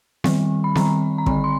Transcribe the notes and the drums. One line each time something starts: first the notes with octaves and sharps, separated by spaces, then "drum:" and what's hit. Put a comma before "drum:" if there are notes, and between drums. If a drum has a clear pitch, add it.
D#3 G3 C4, drum: snare B3
B5
D#3 G3 C4 A#5, drum: snare B3
A#5
D3 G3 C4 B5, drum: kick
C6